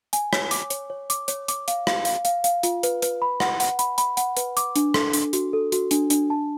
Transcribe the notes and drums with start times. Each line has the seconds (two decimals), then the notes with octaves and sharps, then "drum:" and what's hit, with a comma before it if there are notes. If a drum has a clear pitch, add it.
0.13 G#5, drum: hi-hat
0.33 C#5, drum: rim click
0.51 D6, drum: hi-hat
0.70 C#5, drum: hi-hat
0.90 C#5
1.10 D6, drum: hi-hat
1.28 C#5, drum: hi-hat
1.48 D6, drum: hi-hat
1.68 F5, drum: hi-hat
1.87 F5, drum: rim click
2.05 F5, drum: hi-hat
2.25 F5, drum: hi-hat
2.44 F5, drum: hi-hat
2.63 F4, drum: hi-hat
2.83 B4, drum: hi-hat
3.02 B4, drum: hi-hat
3.22 B5
3.40 F#5, drum: rim click
3.60 F#5, drum: hi-hat
3.79 B5, drum: hi-hat
3.98 B5, drum: hi-hat
4.17 F#5, drum: hi-hat
4.37 B4, drum: hi-hat
4.57 D6, drum: hi-hat
4.76 D4, drum: hi-hat
4.94 A4, drum: rim click
5.13 D4, drum: hi-hat
5.33 F#4, drum: hi-hat
5.53 A4
5.72 F#4, drum: hi-hat
5.91 D4, drum: hi-hat
6.10 D4, drum: hi-hat
6.30 A5